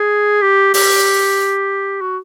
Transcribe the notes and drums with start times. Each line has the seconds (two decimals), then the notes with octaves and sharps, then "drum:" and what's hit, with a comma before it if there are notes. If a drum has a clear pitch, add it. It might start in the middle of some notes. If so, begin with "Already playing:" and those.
Already playing: G#4
0.42 G4
0.74 G4, drum: open hi-hat
2.01 F#4